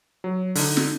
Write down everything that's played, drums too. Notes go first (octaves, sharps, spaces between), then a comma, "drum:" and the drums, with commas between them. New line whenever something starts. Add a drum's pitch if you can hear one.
F#3
D3 D#4, drum: open hi-hat
drum: snare